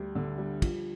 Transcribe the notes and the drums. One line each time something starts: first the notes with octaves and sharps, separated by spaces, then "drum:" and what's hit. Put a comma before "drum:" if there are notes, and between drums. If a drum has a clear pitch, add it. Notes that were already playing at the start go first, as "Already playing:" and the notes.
Already playing: D2 G3
D3
G3
F3, drum: kick, cymbal